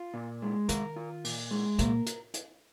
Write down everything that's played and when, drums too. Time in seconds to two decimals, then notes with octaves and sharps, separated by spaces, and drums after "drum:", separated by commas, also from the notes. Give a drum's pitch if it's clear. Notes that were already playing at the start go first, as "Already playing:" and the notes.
Already playing: F4
0.14 A#2
0.42 G#3
0.69 D#3 A#4, drum: hi-hat
0.96 F4
1.24 A#2, drum: open hi-hat
1.51 G#3
1.79 A#2 A#4, drum: hi-hat
2.06 drum: hi-hat
2.34 drum: hi-hat